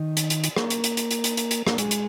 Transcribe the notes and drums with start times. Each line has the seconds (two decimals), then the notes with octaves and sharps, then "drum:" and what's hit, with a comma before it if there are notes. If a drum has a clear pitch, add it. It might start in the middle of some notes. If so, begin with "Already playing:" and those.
Already playing: D#3
0.17 drum: hi-hat
0.30 drum: hi-hat
0.44 drum: hi-hat
0.56 A#3, drum: rim click
0.70 drum: hi-hat
0.84 drum: hi-hat
0.97 drum: hi-hat
1.11 drum: hi-hat
1.24 drum: hi-hat
1.37 drum: hi-hat
1.51 drum: hi-hat
1.67 A#3, drum: rim click
1.78 G#3, drum: hi-hat
1.91 drum: hi-hat